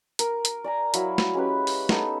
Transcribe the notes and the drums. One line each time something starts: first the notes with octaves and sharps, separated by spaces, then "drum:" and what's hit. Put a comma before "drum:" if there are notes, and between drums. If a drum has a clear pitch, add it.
A#4, drum: hi-hat
drum: hi-hat
D5 G#5 A#5
F#3 E4 F5 B5, drum: hi-hat
drum: snare
G#3 C#4 G4 B4
drum: open hi-hat
B3 D#4 A4, drum: snare